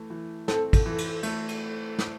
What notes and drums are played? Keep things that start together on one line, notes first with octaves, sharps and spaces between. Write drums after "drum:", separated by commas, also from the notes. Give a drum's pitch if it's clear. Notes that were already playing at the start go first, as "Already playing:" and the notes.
Already playing: E3 A3
E3
C4 A4, drum: snare
drum: kick, cymbal
E3
drum: cymbal
A3, drum: cymbal
drum: cymbal
drum: snare